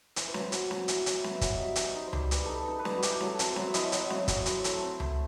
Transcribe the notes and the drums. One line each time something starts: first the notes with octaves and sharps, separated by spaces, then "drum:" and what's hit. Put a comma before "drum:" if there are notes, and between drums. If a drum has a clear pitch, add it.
E4 C5, drum: hi-hat
B4
F#3, drum: snare
C5
B3, drum: hi-hat
F#3, drum: snare
E4 E5, drum: hi-hat
F#3, drum: hi-hat
E5
B3, drum: snare
E5
F#3, drum: kick, hi-hat
G3 D#5 E5
D#4 C5, drum: hi-hat
D#5
D#4
C5
G3, drum: tom C#2
G3 B4, drum: hi-hat
D#4 A4
B4
D#4 A4
B4
G3, drum: snare
F#4
E4 G4, drum: hi-hat
F#3, drum: snare
A4
C4, drum: hi-hat
C5
F#3, drum: snare
E5
E4 D#5, drum: hi-hat
F#3, drum: hi-hat
C4, drum: snare
F#3, drum: kick, hi-hat
E4 C5, drum: hi-hat
A3, drum: hi-hat
C4
A3, drum: tom C#2